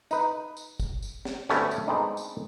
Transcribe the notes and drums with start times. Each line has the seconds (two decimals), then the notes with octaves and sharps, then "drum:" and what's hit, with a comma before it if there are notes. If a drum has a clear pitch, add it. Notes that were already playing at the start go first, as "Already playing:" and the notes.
0.11 D#4 B4, drum: tambourine
0.57 drum: tambourine
0.80 drum: kick, tambourine
1.02 drum: tambourine
1.25 drum: snare
1.49 D2 G2 A3 B3 C#4, drum: snare
1.71 drum: tambourine
1.87 G#3 B3 C4 D4 D#4
2.17 drum: tambourine